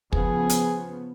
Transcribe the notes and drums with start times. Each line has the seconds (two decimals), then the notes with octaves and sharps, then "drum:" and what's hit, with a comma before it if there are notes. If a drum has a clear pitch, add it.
0.13 C#3 F3 B3 G#4, drum: kick
0.49 drum: hi-hat